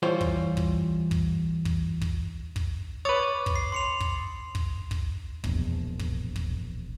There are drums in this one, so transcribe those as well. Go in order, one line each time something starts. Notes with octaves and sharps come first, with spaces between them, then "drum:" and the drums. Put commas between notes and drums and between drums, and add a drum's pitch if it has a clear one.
E3 G3 F4 C5 C#5 G5
drum: kick
drum: kick
drum: kick
drum: kick
drum: kick
drum: kick
B4 C#5 D6 D#6 A6
drum: kick
C7
C6 C#7 F7
drum: kick
drum: kick
drum: kick
E1 A#1, drum: kick
drum: kick
drum: kick